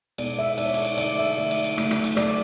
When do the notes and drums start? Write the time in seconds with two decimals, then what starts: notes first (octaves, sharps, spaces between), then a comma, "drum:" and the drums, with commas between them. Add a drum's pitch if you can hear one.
0.18 B2 G#3 B3 D5, drum: cymbal
0.39 E5
0.58 B2 G#3 B3 D5, drum: cymbal
0.66 C#5
0.74 D5, drum: cymbal
0.85 drum: cymbal
0.98 D3 F#3 A3 D5, drum: cymbal
1.18 E5
1.38 D3 F#3 A3 D5
1.51 drum: cymbal
1.64 drum: cymbal
1.78 C#3 F#3 A3, drum: rim click
1.91 drum: rim click
2.04 drum: cymbal
2.17 C#3 F#3 A3 D5, drum: rim click